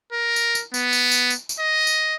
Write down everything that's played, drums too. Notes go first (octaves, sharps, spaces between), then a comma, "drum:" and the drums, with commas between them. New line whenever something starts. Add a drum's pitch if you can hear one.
A#4
drum: tambourine
drum: tambourine
B3, drum: tambourine
drum: tambourine
drum: tambourine
drum: tambourine
drum: tambourine
D#5
drum: tambourine